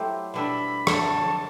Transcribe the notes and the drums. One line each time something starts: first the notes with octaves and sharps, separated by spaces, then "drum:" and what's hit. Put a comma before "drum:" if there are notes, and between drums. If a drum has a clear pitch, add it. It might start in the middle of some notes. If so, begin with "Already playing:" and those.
Already playing: F#3 A3 E4 G4 C5
B2 G3 D4 A4 E5 B5
D3 F#3 A3 A5, drum: rim click